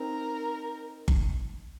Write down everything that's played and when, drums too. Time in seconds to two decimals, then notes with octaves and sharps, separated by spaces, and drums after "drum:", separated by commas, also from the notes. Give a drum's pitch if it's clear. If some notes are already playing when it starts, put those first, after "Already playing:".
Already playing: C4 D#4 A#4
1.08 drum: kick G1